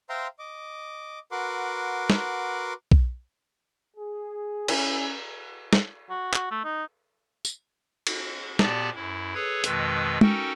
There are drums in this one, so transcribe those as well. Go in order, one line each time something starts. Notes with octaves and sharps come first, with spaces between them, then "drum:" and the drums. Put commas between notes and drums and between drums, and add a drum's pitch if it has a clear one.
C5 E5 F5 G5 A#5 C6
D#5 D6
F#4 A#4 B4 F#5 C6 D6
drum: snare
drum: kick B1
G#4
C#4 E4 G#5, drum: cymbal
drum: snare
F#4
F#4, drum: clap
A3
D#4
drum: tambourine
drum: cymbal
A#2 B3 G4 D5 A5 A#6, drum: snare
F#2 E4
G#4 A4 B4 C#5 G#6
F2 B2 D#3 G#3 B4 E6, drum: hi-hat
C#4 D#4 F#4 A4 A#4 G5, drum: tom G#3